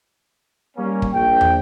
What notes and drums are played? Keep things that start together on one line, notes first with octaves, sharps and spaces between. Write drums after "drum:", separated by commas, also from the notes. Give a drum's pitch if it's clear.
G3 A#3 C#4
drum: kick
A#1 G5
drum: tom